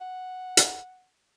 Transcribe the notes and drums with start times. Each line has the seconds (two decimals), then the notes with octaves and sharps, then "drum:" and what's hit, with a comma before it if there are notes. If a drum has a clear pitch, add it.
0.01 F#5
0.57 drum: hi-hat